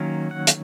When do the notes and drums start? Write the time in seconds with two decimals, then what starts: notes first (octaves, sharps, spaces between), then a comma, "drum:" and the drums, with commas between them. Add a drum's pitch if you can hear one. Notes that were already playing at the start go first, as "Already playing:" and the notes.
Already playing: D#3 F#3 A#3 C#4
0.31 F#5
0.47 drum: hi-hat